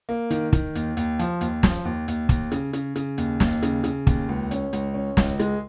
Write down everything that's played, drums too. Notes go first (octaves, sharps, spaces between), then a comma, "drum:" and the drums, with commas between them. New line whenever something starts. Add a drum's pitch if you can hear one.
A#3
D#3, drum: hi-hat
D#3, drum: kick, hi-hat
D#2, drum: hi-hat
D#2, drum: hi-hat
F3, drum: hi-hat
D#2, drum: hi-hat
F3, drum: snare
D#2
D#2, drum: hi-hat
D#2, drum: kick, hi-hat
C#3, drum: hi-hat
C#3, drum: hi-hat
C#3, drum: hi-hat
D#2, drum: hi-hat
D#2, drum: snare
C#3, drum: hi-hat
C#3, drum: hi-hat
D#2, drum: kick, hi-hat
C#2
C#4, drum: hi-hat
C#2, drum: hi-hat
C#4
C#2, drum: snare
G#3, drum: hi-hat